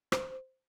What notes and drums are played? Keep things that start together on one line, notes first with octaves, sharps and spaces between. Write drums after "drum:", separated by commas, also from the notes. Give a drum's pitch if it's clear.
C5, drum: rim click